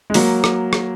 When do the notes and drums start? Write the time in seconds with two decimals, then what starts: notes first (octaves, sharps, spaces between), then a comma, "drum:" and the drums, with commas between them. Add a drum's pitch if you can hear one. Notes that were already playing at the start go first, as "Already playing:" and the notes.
0.10 G#3
0.14 F#3 A#3, drum: open hi-hat
0.44 drum: rim click
0.73 drum: rim click